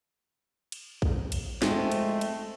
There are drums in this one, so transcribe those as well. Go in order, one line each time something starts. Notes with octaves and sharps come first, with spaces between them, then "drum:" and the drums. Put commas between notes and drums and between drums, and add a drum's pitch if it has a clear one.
drum: cymbal
drum: kick A#1
drum: cymbal
F3 G#3 A3 C4, drum: snare
drum: cymbal
drum: cymbal